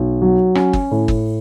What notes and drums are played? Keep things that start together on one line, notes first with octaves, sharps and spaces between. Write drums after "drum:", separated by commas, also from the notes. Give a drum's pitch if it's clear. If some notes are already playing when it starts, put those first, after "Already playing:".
Already playing: B1
F#3
C#4, drum: rim click
drum: kick G1
A2
drum: kick G1